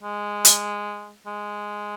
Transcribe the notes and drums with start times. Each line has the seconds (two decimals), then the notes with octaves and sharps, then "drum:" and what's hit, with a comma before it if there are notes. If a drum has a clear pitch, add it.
0.03 G#3
0.45 drum: hi-hat
1.27 G#3